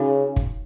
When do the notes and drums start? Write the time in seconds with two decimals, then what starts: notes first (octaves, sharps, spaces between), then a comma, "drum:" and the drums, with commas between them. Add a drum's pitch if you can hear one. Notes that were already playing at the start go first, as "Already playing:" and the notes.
Already playing: C#3 D#4 F#4 C#5
0.36 drum: kick